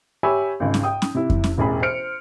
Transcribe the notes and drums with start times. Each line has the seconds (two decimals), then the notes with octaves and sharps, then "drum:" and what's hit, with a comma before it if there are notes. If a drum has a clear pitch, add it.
0.23 G4 C#5 E5 G#5 B5 E6
0.60 G#1 C#2
0.74 drum: snare C#4
0.83 G5 D#6
1.02 drum: snare C#4
1.15 C3 E4
1.30 drum: kick F2
1.44 drum: snare C#4
1.58 E1 A1 G#4 B5
1.82 C5 F6 C#7 D7